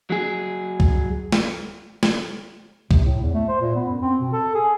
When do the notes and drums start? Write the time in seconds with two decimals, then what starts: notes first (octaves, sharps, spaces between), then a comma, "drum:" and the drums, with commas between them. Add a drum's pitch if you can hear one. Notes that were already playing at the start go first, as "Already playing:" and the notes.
0.10 F#3 G#4
0.80 drum: kick C2
1.32 drum: snare
2.03 drum: snare
2.91 C3, drum: kick C2
3.04 A2
3.21 E2
3.34 A3
3.48 C5
3.61 A#2
3.75 B3
3.88 F#2
4.02 C4
4.20 B2
4.33 A4
4.55 G#4